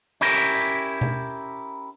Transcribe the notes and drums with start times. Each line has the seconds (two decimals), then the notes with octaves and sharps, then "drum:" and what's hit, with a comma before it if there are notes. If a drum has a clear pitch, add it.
0.21 C#4 E4 G4 A#4, drum: open hi-hat
1.01 drum: tom B2